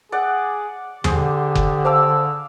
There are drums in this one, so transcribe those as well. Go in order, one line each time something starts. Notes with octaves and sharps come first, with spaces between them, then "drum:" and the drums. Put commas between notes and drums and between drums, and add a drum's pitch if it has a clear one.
G#4 D5 F#5
D3 G4 G#4 C5, drum: tom D#2
drum: kick F#1
C5 F5 A5 D6 E6